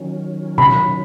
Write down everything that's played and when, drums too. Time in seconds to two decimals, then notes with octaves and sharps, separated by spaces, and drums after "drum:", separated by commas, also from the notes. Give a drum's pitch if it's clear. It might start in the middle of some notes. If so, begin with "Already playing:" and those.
Already playing: D#3 F#3 C#4
0.58 B5, drum: tom A#2